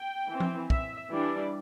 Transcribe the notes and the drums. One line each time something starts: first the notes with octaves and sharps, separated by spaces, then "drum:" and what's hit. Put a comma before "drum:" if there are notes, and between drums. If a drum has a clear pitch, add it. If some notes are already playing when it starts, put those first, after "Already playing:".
Already playing: G5
E3 C4
drum: tom F3
E5, drum: kick
E3 G3 D4 D5